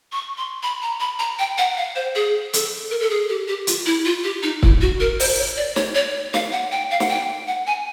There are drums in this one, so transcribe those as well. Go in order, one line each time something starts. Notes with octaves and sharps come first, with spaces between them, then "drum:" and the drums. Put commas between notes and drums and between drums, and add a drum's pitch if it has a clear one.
C#6
C6
B5
A#5
B5
A#5
G5
F#5
F5
C5
G#4
A4, drum: hi-hat
A#4
A4
G#4
G4
G4
F4, drum: hi-hat
E4
F4
G4
D#4
E4, drum: kick
F#4
A#4
C5, drum: open hi-hat
C#5
D5
C#5, drum: snare
C#5
F5, drum: snare
F#5
G5
F5
F#5, drum: snare
G5
F#5
G#5